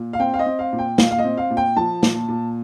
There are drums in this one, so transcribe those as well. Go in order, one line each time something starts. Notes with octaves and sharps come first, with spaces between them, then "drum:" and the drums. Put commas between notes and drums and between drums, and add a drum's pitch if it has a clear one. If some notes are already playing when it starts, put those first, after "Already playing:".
Already playing: A#2
F5
C4 G5
F5
D#5
C4
F5
A#2
G5
A#2 F5, drum: snare
F5
D#5
C4
F5
A#2
G5
F3 A5
A#2, drum: snare
A#2